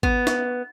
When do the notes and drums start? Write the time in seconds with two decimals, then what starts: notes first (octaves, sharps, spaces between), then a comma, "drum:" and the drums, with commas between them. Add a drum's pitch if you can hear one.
0.03 B3, drum: kick G#1
0.27 drum: snare